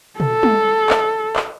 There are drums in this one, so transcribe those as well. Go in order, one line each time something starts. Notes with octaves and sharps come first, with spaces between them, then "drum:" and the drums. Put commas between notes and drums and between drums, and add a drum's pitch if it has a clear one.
A4, drum: tom
drum: tom
drum: clap
drum: clap